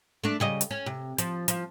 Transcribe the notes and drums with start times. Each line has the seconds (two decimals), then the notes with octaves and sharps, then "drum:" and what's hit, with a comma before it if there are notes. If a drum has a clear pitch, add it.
0.24 A3 D4
0.40 C#3 G3 D#5
0.61 drum: hi-hat
0.71 C#4
0.86 C3
1.18 F3, drum: hi-hat
1.48 F3, drum: hi-hat